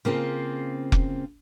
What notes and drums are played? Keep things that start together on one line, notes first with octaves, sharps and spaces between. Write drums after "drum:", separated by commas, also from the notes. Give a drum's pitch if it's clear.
C#3 A#3 C4 F4
drum: kick F1